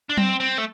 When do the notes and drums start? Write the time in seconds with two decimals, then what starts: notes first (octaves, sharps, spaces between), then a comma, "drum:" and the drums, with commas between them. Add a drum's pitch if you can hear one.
0.10 D4
0.18 C4, drum: tom F#3
0.40 C4
0.58 A3